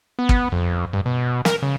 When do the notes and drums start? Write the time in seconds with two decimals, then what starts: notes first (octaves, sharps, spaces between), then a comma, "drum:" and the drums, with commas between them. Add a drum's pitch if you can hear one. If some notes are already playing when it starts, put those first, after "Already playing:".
0.19 B3
0.29 drum: kick
0.52 F2
0.93 G2
1.06 B2
1.45 A#4, drum: snare
1.63 C#3